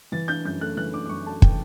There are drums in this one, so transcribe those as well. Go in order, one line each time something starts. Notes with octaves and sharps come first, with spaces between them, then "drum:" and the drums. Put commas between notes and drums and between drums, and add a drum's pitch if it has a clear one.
E3 A6
D4 G6
F#2 G6
A3 F#6
E3 F#6
D4 D6
D6
F#2 C#6
A3 A5
E3 G5, drum: kick